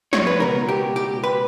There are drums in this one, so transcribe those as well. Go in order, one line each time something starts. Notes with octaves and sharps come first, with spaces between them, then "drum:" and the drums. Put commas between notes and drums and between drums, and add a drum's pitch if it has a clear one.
C#5, drum: snare
B4
C#2 B2 A#4
G4
G4
B4